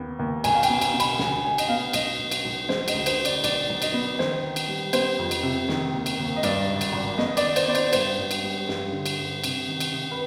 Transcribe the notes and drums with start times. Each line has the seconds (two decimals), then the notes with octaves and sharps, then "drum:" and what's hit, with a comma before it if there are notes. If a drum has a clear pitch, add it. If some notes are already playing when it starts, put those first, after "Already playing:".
Already playing: D#2 B3
0.19 D#2
0.44 B1 G#5, drum: cymbal
0.55 F5
0.63 G5, drum: cymbal
0.70 B3
0.81 G#5, drum: cymbal
0.94 B2
1.00 B5, drum: cymbal
1.19 D2 G#5, drum: snare
1.44 D2 G#5
1.58 D#5, drum: cymbal
1.69 B3 F5
1.93 B1 D#5, drum: cymbal
2.19 B1
2.32 drum: cymbal
2.45 B1
2.69 G#3 C5, drum: snare
2.88 D#5, drum: cymbal
2.94 D2
3.06 C5, drum: cymbal
3.18 D3
3.25 D5, drum: cymbal
3.44 B1 D5, drum: cymbal
3.69 B1
3.82 D#5, drum: cymbal
3.94 B3
4.19 D#3 C5, drum: snare
4.43 D#3
4.56 drum: cymbal
4.68 G3
4.93 B3 C5, drum: cymbal
5.19 F2
5.31 drum: cymbal
5.43 C3
5.68 D#3, drum: snare
5.94 D#2
6.06 drum: cymbal
6.19 D#2
6.36 D#5
6.43 G2 D5, drum: cymbal
6.68 G#1
6.81 drum: cymbal
6.93 G#1
7.18 B3 D#5, drum: snare
7.37 D5, drum: cymbal
7.43 D#3
7.56 C5, drum: cymbal
7.68 B3 D5
7.75 C5, drum: cymbal
7.93 G2 C5, drum: cymbal
8.18 G2
8.31 drum: cymbal
8.44 G3
8.69 G2, drum: snare
8.92 D3
9.06 drum: cymbal
9.19 G2
9.44 C3, drum: cymbal
9.68 D#3
9.80 drum: cymbal
9.93 C3
10.11 B4